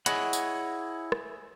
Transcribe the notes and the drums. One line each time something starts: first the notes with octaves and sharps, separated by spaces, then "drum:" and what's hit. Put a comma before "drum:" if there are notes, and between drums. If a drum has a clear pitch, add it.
E4 G#4 C#5 D#5 F#5 B5, drum: hi-hat
drum: tambourine
drum: rim click